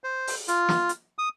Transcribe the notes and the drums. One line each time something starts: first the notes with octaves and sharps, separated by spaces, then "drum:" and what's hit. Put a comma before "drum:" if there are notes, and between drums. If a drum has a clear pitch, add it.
C5
drum: open hi-hat
F4, drum: hi-hat
drum: snare
drum: hi-hat
D#6